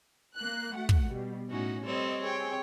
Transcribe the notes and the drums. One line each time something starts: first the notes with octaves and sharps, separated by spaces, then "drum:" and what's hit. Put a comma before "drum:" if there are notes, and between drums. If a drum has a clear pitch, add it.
A#3 F#6
A3 F#4 F#5
drum: kick
B2 G3
A2 C#4 D#4 F#4
G3 C4 A4 C#5 D#5
C4 G#4 C#5 G5